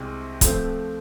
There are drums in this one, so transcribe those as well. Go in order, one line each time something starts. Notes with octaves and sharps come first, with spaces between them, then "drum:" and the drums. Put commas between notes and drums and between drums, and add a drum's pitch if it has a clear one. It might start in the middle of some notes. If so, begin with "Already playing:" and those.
Already playing: C2 C3 G#3 C4
F3 A3 C4, drum: kick, hi-hat